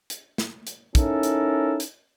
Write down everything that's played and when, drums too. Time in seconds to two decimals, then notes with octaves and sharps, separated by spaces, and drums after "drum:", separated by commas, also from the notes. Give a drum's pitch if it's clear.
0.10 drum: hi-hat
0.38 drum: snare
0.67 drum: hi-hat
0.95 C#4 D#4 E4 A4 A#4, drum: kick, hi-hat
1.23 drum: hi-hat
1.80 drum: hi-hat